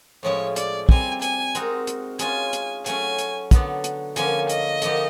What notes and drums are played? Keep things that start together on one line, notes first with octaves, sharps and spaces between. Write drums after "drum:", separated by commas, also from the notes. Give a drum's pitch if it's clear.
A2 F3 G#3 C#4 E4 C#5
D5, drum: hi-hat
G3 C4 E4 G#5, drum: kick
G#5, drum: hi-hat
G#3 C4 D#4 F#4 A#4, drum: hi-hat
drum: hi-hat
G#3 C#4 F4 G#5, drum: hi-hat
drum: hi-hat
F#3 A3 C#4 G#5, drum: hi-hat
drum: hi-hat
D3 F#3 B3 D4, drum: kick, hi-hat
drum: hi-hat
D3 F3 A#3 C#4 G#5, drum: hi-hat
D#5, drum: hi-hat
D3 F3 A#3 D#4 G4, drum: hi-hat